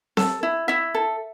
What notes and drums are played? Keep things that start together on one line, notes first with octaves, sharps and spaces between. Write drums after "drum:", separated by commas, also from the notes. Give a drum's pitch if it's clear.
A4, drum: snare C4
E4
E4 E5
A4